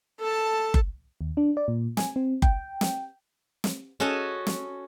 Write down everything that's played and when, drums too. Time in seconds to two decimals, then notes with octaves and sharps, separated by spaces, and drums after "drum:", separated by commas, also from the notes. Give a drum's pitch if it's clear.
0.20 A4 A5
0.74 drum: kick F#1
1.21 D#2
1.37 D4
1.57 D5
1.68 A#2
1.97 G#5, drum: snare
2.16 C4
2.42 G5, drum: kick F#1
2.81 drum: snare
3.64 drum: snare
4.00 C#4 F#4 A4 D#5 A5
4.47 drum: snare